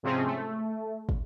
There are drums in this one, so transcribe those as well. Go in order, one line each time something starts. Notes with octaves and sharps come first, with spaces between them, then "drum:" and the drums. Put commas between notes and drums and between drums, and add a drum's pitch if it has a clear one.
G#2 C3 F3 C4 C#4 G#4
A3
drum: kick